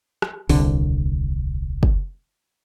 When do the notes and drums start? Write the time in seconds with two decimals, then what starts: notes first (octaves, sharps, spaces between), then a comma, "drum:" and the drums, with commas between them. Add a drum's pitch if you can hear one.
0.22 drum: rim click
0.49 D#1 C2 D3, drum: open hi-hat
1.83 drum: kick